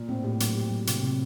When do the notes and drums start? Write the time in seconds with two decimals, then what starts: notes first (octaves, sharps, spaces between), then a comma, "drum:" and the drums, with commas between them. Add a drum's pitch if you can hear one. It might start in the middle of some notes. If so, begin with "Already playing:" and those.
Already playing: A#2
0.08 A2 C4
0.24 A2 G4
0.40 F#3, drum: hi-hat
0.55 G4
0.70 F#3
0.87 C3, drum: hi-hat
1.03 C3